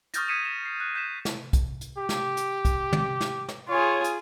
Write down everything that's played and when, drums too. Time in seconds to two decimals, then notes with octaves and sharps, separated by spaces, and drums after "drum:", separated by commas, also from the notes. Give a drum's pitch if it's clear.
0.14 C#6 D#6 F6 G6 A6 A#6, drum: hi-hat
0.28 D#6 G#6 B6 C#7 D#7 E7
0.45 E7
0.65 C7
0.80 F#6
0.94 F#6 G6 B6 E7
1.25 drum: snare
1.53 drum: kick, hi-hat
1.81 drum: hi-hat
1.97 G4
2.09 drum: snare
2.37 drum: hi-hat
2.65 drum: kick, hi-hat
2.93 drum: tom
3.21 drum: snare
3.48 drum: snare
3.69 F4 G#4 C#5
4.04 drum: hi-hat